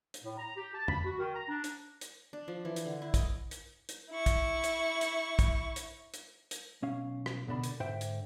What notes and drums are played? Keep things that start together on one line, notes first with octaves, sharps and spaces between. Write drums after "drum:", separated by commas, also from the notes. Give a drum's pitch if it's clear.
drum: hi-hat
A2
A#5
G4
A5
B5, drum: tom
F#4
D#3
A#5
D4
drum: hi-hat
drum: hi-hat
D4
F3
E3
drum: hi-hat
D3
E4
D#5, drum: kick, hi-hat
drum: hi-hat
drum: hi-hat
E4 C#6
drum: kick, hi-hat
drum: hi-hat
drum: hi-hat
drum: kick, hi-hat
drum: hi-hat
drum: hi-hat
drum: hi-hat
B1 C#4 F5
drum: rim click
C#2 B2 D3 D4 B5
drum: hi-hat
G#2 D3 C5 E5 G5
drum: hi-hat